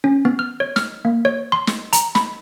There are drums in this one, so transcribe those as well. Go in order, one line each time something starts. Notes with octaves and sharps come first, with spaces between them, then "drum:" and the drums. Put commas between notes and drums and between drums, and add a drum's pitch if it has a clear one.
C#4
B3
F6
C#5
F6, drum: snare
A#3
C#5
C6
drum: snare
A#5, drum: hi-hat
B5, drum: snare